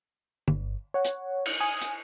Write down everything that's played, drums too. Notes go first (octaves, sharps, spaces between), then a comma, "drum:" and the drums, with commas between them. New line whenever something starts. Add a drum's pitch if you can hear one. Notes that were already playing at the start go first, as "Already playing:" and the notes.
G1, drum: tom
C#5 F#5
drum: hi-hat
drum: cymbal
G#5 D#6
drum: hi-hat